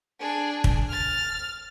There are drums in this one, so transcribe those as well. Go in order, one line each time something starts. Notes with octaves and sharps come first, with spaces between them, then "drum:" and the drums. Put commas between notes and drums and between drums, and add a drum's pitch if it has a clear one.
D4 G#4
drum: kick
F6 A6